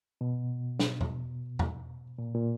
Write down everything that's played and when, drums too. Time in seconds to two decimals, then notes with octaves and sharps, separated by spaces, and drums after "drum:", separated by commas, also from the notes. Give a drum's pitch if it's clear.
0.21 B2
0.79 drum: snare
1.01 drum: tom E2
1.59 drum: tom E2
2.18 A#2
2.34 A#2